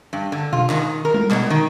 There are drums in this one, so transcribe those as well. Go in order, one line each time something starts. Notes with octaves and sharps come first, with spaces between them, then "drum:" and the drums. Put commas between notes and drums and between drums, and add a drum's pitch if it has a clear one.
G2
D3
F4, drum: tom B2
D#3, drum: clap
A#4
drum: tom G3
B2, drum: clap
D#3